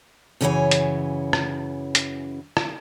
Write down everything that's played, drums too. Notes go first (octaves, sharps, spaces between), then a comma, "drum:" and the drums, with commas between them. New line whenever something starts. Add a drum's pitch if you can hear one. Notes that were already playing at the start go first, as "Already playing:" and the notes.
F#2 C#3 E3 F#4 C#5 G#5
drum: hi-hat
drum: rim click
drum: hi-hat
drum: rim click